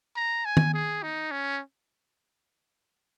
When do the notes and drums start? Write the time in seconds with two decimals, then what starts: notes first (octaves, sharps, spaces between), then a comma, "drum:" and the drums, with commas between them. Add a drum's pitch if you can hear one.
0.16 A#5
0.45 G#5
0.57 drum: tom
0.74 G#4
1.03 D#4
1.31 C#4